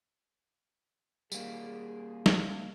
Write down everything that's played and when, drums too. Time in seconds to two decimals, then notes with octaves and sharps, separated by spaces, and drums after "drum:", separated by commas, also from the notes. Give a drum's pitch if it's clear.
1.32 G3 A#3 G#4, drum: tambourine
2.26 drum: snare